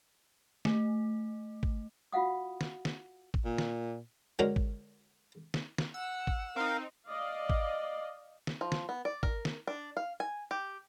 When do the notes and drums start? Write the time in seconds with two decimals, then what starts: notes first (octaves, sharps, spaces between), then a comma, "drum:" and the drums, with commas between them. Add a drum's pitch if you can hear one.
0.65 A3, drum: snare
1.63 drum: kick
2.12 F4 F#4 F5 F#5 D#6
2.61 drum: snare
2.85 drum: snare
3.34 drum: kick
3.45 A#2
3.58 drum: snare
4.39 D3 G#3 C#4 F#4 A#4
4.56 drum: kick
5.54 drum: snare
5.78 drum: snare
5.94 F#5 E6
6.27 drum: kick
6.56 C4 D#4 A#4 F5
7.08 D5 D#5 F5
7.50 drum: kick
8.47 drum: snare
8.61 F3
8.72 drum: snare
8.89 B3
9.05 D5
9.23 A#4, drum: kick
9.45 drum: snare
9.67 D4
9.97 F5
10.20 G#5
10.51 G4